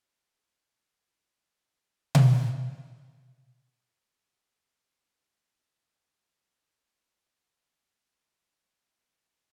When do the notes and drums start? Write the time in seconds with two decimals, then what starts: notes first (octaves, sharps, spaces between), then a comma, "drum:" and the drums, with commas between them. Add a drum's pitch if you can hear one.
0.09 E5 A5
1.21 D3 C4 F#4
2.15 drum: tom B2
3.12 F5 D#6
3.81 E4 F#4 A#4
4.51 G#3 A3
4.76 C#2 A3 C4 A#4
5.07 A4 B4
5.48 F#5
7.18 D#4 C6 E6 G6